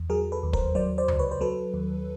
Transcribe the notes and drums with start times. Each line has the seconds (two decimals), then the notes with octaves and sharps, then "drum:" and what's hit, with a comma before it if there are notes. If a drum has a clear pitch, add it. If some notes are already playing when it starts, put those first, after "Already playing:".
Already playing: E2
0.10 F#3 G#4 A#4
0.32 A4 B4
0.43 D#2
0.53 A#4 C5, drum: kick
0.75 F#3 C5 D5
0.98 C5 D5
1.08 C#2, drum: tom D2
1.19 B4 C#5
1.31 C5
1.41 F#3 A4 B4
1.74 D#2